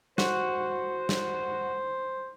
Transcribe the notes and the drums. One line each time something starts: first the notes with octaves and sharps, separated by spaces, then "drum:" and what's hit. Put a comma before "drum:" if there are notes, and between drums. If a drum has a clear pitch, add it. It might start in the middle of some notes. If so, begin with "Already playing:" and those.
F#4 C5, drum: snare
drum: snare